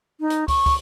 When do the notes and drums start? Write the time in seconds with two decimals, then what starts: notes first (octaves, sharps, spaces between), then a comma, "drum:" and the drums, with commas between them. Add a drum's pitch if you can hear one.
0.20 D#4
0.30 drum: hi-hat
0.48 C#6, drum: kick, open hi-hat
0.66 drum: kick, open hi-hat